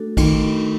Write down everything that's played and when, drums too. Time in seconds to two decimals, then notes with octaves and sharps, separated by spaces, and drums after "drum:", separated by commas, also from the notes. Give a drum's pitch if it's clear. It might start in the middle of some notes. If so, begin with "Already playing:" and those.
Already playing: A3 D4 F#4 A4
0.17 D#3 A3, drum: kick A1, cymbal
0.44 D4 F#4 A4